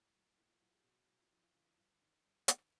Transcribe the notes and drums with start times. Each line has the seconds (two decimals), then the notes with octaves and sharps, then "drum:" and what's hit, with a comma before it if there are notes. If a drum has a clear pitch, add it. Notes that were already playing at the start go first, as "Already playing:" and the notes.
Already playing: A2 G4
0.14 F#3
0.37 A#2 E4 F#4
0.49 F4
0.60 F#3 E4 F#4
0.72 F#4 G#4
0.84 B2 F#4 G#4
1.07 F#3 E4
1.19 F4
1.31 F2 E4 F#4
1.43 F4
1.54 D3 F4
1.66 E4
1.78 G2 F4
2.02 D#3
2.24 G2
2.48 D#3, drum: hi-hat